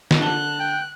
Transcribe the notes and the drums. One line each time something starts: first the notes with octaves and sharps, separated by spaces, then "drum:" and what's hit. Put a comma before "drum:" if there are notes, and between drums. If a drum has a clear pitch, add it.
drum: snare
D3 A5 F#6 G7
G5